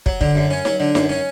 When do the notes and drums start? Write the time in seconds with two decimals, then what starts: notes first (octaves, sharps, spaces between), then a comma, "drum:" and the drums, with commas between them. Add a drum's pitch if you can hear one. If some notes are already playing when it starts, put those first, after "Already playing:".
0.06 F#3, drum: kick
0.21 D3, drum: kick
0.35 F#2
0.51 C#4
0.65 F#3, drum: snare D#4
0.80 D3
0.95 F#2, drum: snare D#4
1.09 C#4